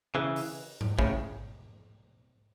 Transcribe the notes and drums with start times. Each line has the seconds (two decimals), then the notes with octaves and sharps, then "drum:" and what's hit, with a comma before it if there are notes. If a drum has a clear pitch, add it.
0.15 C#3 E3
0.36 drum: open hi-hat
0.81 drum: tom G#2
0.99 A2 C#3, drum: kick